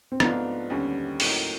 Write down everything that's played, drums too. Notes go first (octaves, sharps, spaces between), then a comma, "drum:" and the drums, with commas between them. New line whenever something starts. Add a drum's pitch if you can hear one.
C4
G#2 F3 A3 B3 D4 F4, drum: rim click
D#2 D3 G3 C#4
A2 F#3 A#3 D#4, drum: open hi-hat